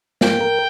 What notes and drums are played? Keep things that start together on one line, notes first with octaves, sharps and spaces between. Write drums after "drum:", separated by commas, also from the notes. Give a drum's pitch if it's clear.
A#3 G5, drum: snare
A#4